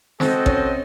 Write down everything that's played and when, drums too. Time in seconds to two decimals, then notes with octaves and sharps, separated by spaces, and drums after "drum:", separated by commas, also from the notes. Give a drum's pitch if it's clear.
0.20 C4 F#4 A4 C5 D#5 G5, drum: snare
0.46 C#4, drum: kick A1